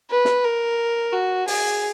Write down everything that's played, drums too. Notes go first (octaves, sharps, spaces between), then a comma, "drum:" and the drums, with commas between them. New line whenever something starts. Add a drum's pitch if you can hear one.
B4
drum: snare
A#4
F#4
G#4, drum: open hi-hat